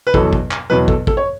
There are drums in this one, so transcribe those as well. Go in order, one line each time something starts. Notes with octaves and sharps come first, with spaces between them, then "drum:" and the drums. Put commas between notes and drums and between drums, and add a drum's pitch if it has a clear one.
B4
E2 B2 F#3 A4, drum: kick
drum: kick
drum: clap
E2 B2 F#3 B4
A4, drum: kick
A4, drum: kick
C#5